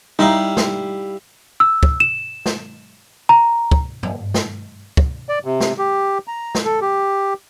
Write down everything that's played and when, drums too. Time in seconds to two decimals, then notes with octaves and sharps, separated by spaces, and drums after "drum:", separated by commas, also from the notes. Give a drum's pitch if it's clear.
0.19 G3 D#4 E4 F5
0.57 drum: snare
1.60 E6
1.83 drum: kick
2.00 E7
2.46 drum: snare
3.29 A#5
3.71 drum: kick
4.03 drum: tom
4.34 drum: snare
4.97 drum: kick
5.29 D5
5.45 C3
5.60 drum: snare
5.79 G4
6.28 A#5
6.55 drum: snare
6.65 A4
6.82 G4